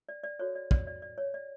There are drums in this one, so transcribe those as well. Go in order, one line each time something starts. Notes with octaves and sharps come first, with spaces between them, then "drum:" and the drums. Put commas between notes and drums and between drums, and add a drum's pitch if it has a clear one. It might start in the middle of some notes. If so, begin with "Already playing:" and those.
D5
D5
F#4 A4 C5 C#5
D5
D5, drum: kick
D5
D5
C#5
D5